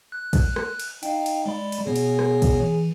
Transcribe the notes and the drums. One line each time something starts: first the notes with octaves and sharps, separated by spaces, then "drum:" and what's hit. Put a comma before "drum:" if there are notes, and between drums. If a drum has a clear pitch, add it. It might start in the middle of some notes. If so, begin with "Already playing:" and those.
F#6
drum: kick, cymbal
drum: rim click
drum: cymbal
D#4 F5 G5, drum: cymbal
drum: cymbal
G#3 D5 B5
drum: cymbal
B2 B3 G#4 C#5
drum: cymbal
drum: rim click
drum: kick, cymbal
E3